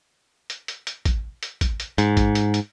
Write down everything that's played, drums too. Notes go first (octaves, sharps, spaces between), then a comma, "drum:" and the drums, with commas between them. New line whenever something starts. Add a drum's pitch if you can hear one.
drum: hi-hat
drum: hi-hat
drum: hi-hat
drum: kick A1, hi-hat
drum: hi-hat
drum: kick A1, hi-hat
drum: hi-hat
G#2, drum: hi-hat
drum: kick A1, hi-hat
drum: hi-hat
drum: hi-hat